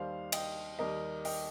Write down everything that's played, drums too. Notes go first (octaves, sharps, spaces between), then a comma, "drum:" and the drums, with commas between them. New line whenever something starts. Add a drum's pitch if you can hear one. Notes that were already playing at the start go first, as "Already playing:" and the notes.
Already playing: D#2 D#3 G3 C5 F5
D#5 G5, drum: cymbal
D#2 D#3 G3 A#4 D#5
D#5 G5, drum: open hi-hat